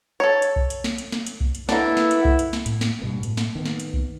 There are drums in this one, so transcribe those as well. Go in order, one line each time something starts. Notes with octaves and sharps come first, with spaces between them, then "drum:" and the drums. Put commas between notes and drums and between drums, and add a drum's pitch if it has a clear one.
A4 C#5
drum: hi-hat
drum: kick B1
drum: hi-hat
drum: snare
drum: hi-hat
drum: snare
drum: hi-hat
drum: kick B1
drum: hi-hat
A#3 D4 E4 A4 B4 F#5, drum: snare
drum: snare
drum: hi-hat
drum: kick B1
drum: hi-hat
drum: snare
A2, drum: hi-hat
drum: snare
G2 B2 B3
A2, drum: hi-hat
drum: snare
D#3 B3
drum: snare
drum: hi-hat
drum: kick B1